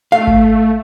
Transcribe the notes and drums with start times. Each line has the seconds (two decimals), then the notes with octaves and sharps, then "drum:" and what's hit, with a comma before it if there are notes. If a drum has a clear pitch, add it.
0.12 A3 F5
0.27 drum: kick G#1